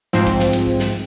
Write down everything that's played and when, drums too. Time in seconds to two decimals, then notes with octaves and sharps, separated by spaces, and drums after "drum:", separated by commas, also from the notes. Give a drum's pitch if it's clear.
0.13 G#2 F3 C4, drum: snare
0.26 drum: kick, cymbal
0.40 drum: snare
0.53 drum: cymbal
0.66 drum: kick
0.80 drum: snare